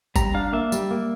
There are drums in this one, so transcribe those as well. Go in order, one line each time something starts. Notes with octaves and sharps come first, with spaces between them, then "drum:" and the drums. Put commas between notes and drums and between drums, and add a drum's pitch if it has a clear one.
G3 A#5, drum: kick G1, tambourine
D4 F5
A#3 E5
G3, drum: tambourine
A#3